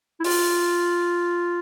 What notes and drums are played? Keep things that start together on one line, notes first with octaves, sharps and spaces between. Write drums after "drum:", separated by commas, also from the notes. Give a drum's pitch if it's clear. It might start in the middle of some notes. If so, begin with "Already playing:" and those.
E4
F4, drum: open hi-hat